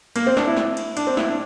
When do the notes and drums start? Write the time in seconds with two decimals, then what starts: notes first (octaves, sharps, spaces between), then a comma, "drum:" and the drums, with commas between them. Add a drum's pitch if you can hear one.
0.16 A#3, drum: cymbal
0.27 C4
0.37 D4, drum: snare
0.47 E4
0.57 drum: snare
0.77 drum: cymbal
0.97 D4, drum: cymbal
1.07 C4
1.17 E4, drum: snare
1.28 D4